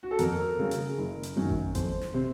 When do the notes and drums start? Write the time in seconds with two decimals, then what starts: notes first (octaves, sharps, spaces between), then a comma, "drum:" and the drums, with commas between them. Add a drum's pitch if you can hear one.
0.03 F#4
0.11 A4
0.19 F2 A#4, drum: hi-hat
0.58 C#3 F#3
0.71 drum: hi-hat
0.98 F#1
1.23 drum: hi-hat
1.36 F#2 D#3 F#3
1.49 drum: kick G#1
1.75 F2 C5, drum: kick G#1, hi-hat
2.01 drum: snare
2.14 C3 C5